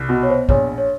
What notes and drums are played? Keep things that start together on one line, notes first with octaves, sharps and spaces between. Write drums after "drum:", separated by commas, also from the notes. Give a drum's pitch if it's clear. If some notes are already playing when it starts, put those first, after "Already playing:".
Already playing: C2
B2 F#4
C#5
C5
A#1 C#5, drum: kick
C#5